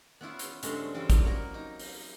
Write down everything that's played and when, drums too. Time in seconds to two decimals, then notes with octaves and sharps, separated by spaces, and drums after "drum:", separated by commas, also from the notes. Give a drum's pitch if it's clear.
0.21 B3 C#4 E4 F4
0.39 drum: hi-hat
0.63 G2 C#3 G#3 A3 C4 C#4, drum: hi-hat
0.94 E3 G3 E4 F4
1.10 A#3, drum: kick, hi-hat
1.24 F#3 A#3 A#4
1.54 D#4
1.79 drum: open hi-hat